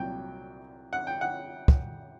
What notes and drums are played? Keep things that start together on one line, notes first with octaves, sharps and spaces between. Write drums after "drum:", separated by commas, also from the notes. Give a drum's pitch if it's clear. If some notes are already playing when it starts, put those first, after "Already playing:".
Already playing: C2 A#2 F#3 G5
F#5
G5
F#5
drum: kick